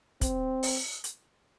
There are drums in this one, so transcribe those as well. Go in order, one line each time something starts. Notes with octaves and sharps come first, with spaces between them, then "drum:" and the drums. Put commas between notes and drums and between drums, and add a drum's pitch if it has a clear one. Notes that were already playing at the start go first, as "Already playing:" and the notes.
C4, drum: kick, hi-hat
drum: open hi-hat
drum: hi-hat